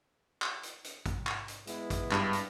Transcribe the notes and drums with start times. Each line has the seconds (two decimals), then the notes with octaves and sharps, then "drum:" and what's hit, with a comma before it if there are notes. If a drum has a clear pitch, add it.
0.42 drum: clap
0.63 drum: hi-hat
0.84 drum: hi-hat
1.06 drum: kick, hi-hat
1.27 drum: clap
1.48 drum: hi-hat
1.67 G#3 B3 E4, drum: hi-hat
1.90 drum: kick, hi-hat
2.12 G2, drum: clap
2.33 drum: hi-hat